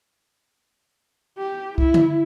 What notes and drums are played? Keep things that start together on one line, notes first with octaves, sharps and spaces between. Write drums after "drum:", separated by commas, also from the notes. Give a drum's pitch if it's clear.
G4
E4, drum: kick
drum: tom D3